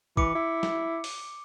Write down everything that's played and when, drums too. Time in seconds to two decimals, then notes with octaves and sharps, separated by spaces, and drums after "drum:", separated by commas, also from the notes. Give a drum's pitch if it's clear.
0.17 E3 D6 C#7, drum: kick
0.35 E4
0.63 drum: snare
1.04 drum: open hi-hat